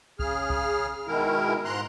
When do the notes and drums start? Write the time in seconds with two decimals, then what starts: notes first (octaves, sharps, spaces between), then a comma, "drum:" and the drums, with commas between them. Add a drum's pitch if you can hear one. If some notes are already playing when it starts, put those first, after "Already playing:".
0.19 C#3 G#4 F6, drum: kick B1
0.50 drum: kick B1
1.08 B2 D#3 G#3 E4 A#4
1.65 G#2 A#5 C6 F#6